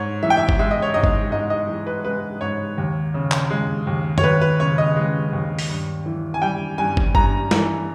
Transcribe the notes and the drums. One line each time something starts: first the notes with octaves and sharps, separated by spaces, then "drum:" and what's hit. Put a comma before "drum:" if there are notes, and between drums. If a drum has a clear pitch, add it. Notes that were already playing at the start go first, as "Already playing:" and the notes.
Already playing: G#2 C#5
E3 E5
G5
E5
drum: kick
G#3 E5
D#5
C#5
G#2 D#5
drum: kick
G#2 D#5
D#5
E3
B4
G#3 B4
G#2 C#5
D#2
C#3
drum: clap
G#3
D#2
C#5, drum: tom F2
D#2 B4
B4
C#3 C#5
D#5
G#3
D#2
drum: open hi-hat
G2
E3
G#5
G3 G5
G2 G#5
drum: kick
G2 A#5, drum: kick
E3, drum: snare